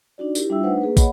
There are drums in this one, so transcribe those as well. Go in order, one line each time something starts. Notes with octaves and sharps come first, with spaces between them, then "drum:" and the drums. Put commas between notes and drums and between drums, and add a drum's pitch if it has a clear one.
D4 D#4 F#4 D5
E4 G4 A#4, drum: tambourine
G3 D4 F4 E5 G5 E6
A3 D4 D#4 B4 C5 F#5
A#3 G#4 B4
C#5 D#5 F#5 B5, drum: kick, tambourine